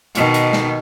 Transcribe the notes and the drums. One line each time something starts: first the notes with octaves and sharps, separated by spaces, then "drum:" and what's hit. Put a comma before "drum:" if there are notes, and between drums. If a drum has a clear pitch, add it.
B2 D#3, drum: hi-hat
drum: hi-hat
drum: snare